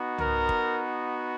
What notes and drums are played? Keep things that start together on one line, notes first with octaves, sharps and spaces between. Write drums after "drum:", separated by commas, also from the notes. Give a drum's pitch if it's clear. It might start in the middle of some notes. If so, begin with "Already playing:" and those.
Already playing: B3 D#4 F#4
A#4, drum: tom
drum: kick